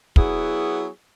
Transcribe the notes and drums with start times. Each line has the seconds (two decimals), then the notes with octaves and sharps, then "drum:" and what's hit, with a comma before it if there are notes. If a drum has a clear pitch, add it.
0.16 F#3 B3 E4 G#4, drum: kick